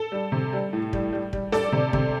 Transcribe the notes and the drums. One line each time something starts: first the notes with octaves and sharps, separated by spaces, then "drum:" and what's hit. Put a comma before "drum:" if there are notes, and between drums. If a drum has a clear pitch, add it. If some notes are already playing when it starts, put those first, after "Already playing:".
Already playing: A4
G3
C3
G3
A2
G3, drum: kick
G3
G3, drum: kick
G3 A4 D5, drum: snare
C3
C3, drum: kick